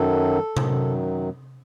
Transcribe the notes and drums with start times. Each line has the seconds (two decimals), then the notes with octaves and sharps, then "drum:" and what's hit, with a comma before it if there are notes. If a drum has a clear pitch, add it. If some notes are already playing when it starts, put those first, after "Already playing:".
Already playing: F#2 D#3 F#3 A4
0.57 F#2 D#3 F#3, drum: tom C3